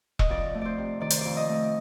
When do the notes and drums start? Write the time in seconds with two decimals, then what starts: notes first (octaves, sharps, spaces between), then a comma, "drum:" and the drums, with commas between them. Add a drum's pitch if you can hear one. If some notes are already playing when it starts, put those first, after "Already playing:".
0.19 D#5, drum: kick E1
0.30 F2 D5
0.55 A3
0.61 C5 D5
0.78 C3
1.00 D#3 D5
1.10 C5, drum: hi-hat
1.21 F2 D5
1.37 D#5
1.49 A3